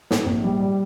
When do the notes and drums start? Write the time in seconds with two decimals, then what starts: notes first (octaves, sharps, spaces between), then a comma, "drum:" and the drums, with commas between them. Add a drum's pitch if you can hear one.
0.11 G#2, drum: snare
0.26 A#1
0.44 G3
0.60 G3